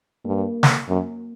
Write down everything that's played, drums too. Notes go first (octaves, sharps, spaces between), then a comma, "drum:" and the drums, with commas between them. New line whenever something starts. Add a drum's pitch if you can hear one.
G2 A#3
drum: snare
F#2 A#3